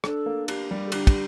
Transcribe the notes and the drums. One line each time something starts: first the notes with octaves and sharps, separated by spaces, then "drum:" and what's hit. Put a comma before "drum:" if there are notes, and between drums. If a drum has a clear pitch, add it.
D4 A4, drum: rim click
A#3
D4 G4, drum: cymbal
G3
A4
D3 G4, drum: cymbal
drum: kick, cymbal